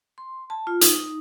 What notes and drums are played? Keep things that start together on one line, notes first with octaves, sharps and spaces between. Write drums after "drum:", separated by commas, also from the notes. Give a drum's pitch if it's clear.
C6
A5
F4
D#4, drum: hi-hat